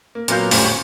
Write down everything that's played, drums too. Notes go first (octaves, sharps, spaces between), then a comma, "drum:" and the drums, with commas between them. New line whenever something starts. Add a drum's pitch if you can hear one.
A#3
A#2 F#3 A#3 B3 F5 G6, drum: hi-hat
G1 A2 G3 C#4 C5, drum: open hi-hat
C#6